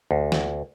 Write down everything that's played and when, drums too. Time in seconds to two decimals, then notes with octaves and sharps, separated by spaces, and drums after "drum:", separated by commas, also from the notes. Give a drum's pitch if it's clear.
0.11 D2
0.32 drum: snare